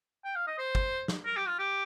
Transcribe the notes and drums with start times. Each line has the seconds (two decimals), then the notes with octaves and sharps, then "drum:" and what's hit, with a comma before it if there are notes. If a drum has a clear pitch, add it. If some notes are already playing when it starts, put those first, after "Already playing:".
0.25 G5
0.36 F5
0.47 D#5
0.58 C5
0.75 drum: kick G1
1.08 drum: snare
1.25 A#4
1.36 G4
1.47 F4
1.59 G4